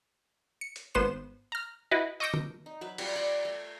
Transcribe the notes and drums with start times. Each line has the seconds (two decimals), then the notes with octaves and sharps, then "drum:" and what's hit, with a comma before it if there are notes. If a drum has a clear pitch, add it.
0.61 C#7
0.76 drum: hi-hat
0.95 G#1 B3 C5 E7
1.52 A#5 F6
1.91 E4 F#4 B4 D#5
2.20 D#5 C#6 D6 E6 G6 A#6
2.34 drum: tom D3
2.66 D#4
2.81 F#3 B4 E5
2.98 G3 F4, drum: cymbal
3.16 D5 B5
3.45 A3